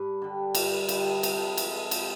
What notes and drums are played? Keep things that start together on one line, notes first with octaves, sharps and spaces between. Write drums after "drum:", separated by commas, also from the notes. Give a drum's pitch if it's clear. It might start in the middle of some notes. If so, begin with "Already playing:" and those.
Already playing: G2 B4
D3 G3
G2, drum: cymbal
D3 G3, drum: cymbal
C3 A4, drum: cymbal
G#4
F3 G#3, drum: cymbal
A4
C3 C#5, drum: cymbal